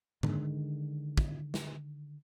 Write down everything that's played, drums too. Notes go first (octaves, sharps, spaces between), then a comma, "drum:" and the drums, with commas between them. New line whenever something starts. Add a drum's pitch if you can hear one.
D3 D#3 G#3, drum: tom G#2
drum: kick
drum: snare